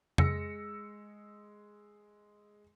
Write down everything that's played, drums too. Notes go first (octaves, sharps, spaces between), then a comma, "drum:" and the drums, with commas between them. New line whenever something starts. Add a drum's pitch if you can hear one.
G#3 E6 A#6 C#7, drum: tom F2